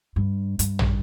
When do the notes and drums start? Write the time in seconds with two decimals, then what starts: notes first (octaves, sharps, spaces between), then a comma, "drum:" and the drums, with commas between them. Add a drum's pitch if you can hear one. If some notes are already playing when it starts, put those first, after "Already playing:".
0.16 G2
0.59 G2, drum: hi-hat
0.79 drum: tom